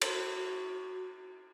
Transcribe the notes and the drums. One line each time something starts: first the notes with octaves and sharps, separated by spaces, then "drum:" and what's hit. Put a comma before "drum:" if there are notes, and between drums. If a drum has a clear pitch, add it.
F#4, drum: cymbal